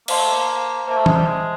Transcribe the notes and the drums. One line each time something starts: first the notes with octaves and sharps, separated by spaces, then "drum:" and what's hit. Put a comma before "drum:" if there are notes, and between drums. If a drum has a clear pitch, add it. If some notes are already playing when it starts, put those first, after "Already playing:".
A#3 C5 F5 A5 C6, drum: cymbal
A3
A#3
A#3 C5 E5 A5
A3
G#3, drum: tom E3
G3
G#3